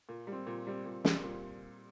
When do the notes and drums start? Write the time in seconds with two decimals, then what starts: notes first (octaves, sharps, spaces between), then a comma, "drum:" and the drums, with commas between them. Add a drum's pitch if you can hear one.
0.09 A#2
0.27 G3
0.32 C4
0.47 A#2
0.67 G3 C4
0.86 A#2
1.05 G3 C4, drum: snare
1.24 A#2